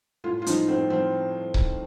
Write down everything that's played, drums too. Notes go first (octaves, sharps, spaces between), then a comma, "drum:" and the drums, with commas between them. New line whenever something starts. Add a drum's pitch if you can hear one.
A2 F4
F4
F3 D#4, drum: hi-hat
A2 C4
F3 C4
drum: kick C#1